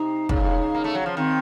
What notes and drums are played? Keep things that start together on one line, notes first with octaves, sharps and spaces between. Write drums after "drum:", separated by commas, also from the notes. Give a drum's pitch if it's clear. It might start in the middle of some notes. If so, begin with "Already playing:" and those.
Already playing: C3 D#4
C#3, drum: kick
A#3
A3
F#3
F3
D#3 C4